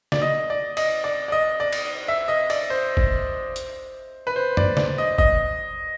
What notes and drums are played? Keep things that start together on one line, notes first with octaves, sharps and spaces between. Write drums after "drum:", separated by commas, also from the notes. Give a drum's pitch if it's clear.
D5, drum: snare
D#5
D5
D#5, drum: cymbal
D5
D5
D#5
D5
drum: cymbal
E5
D#5
D5, drum: cymbal
C5
drum: kick G1
drum: hi-hat
B4
C5
D5, drum: tom
D5, drum: snare
D#5
D#5, drum: kick G1